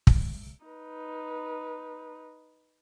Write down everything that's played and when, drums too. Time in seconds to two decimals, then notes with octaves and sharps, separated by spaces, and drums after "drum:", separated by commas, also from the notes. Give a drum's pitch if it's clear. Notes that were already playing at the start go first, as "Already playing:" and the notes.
0.07 drum: kick
0.65 D#4 B4